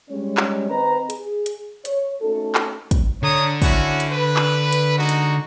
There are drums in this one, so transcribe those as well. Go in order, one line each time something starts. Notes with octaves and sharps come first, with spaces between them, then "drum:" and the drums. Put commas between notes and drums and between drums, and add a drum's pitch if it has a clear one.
G3 G#3 C#4 C#5
drum: clap
D#3 C4 B4 D#5 A#5
G#4, drum: hi-hat
drum: hi-hat
C#5, drum: hi-hat
A3 C#4 D#4 F#4 A4
drum: clap
drum: kick, hi-hat
D3 C#5 A#5 D#6
C#4 E4 F#4, drum: kick, open hi-hat
drum: hi-hat
B4
drum: clap
drum: hi-hat
G#3 D#4 F#4
drum: hi-hat